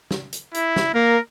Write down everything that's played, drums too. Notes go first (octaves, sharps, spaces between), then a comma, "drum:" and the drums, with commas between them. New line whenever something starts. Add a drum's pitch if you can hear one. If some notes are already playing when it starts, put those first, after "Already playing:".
drum: snare
drum: hi-hat
E4, drum: hi-hat
drum: snare
A#3 A#4